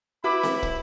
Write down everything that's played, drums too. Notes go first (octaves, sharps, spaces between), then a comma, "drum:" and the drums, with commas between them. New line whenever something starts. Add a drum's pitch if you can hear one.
E4 F#4 B4 B5 D6
drum: snare C4
drum: kick